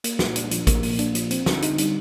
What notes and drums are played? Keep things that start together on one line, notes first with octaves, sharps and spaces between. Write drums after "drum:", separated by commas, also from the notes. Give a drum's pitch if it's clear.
A#3, drum: hi-hat
A#2, drum: snare
D4, drum: hi-hat
F3, drum: hi-hat
A#3, drum: kick A1, hi-hat
A#2, drum: open hi-hat
D4, drum: hi-hat
F3, drum: hi-hat
C4, drum: hi-hat
D3, drum: snare
D#4, drum: hi-hat
G3, drum: hi-hat